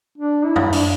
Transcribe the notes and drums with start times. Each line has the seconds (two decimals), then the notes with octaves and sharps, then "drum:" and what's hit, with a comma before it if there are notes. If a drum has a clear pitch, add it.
0.18 D4
0.45 E4
0.56 drum: tom F#2
0.72 D4, drum: open hi-hat